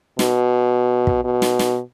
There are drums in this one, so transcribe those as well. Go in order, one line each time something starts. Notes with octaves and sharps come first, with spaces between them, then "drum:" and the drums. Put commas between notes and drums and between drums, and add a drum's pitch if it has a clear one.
B2, drum: snare
drum: kick
B2
drum: snare
drum: snare